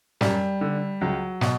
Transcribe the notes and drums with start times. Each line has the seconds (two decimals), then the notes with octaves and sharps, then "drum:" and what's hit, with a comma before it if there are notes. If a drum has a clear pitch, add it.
0.21 F#2 G3, drum: snare
0.61 D3
1.01 C#2 F#3
1.41 B2, drum: snare